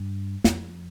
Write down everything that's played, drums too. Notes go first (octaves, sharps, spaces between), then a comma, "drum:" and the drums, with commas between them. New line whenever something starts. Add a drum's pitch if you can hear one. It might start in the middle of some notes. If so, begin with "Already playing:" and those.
Already playing: G2
F2, drum: snare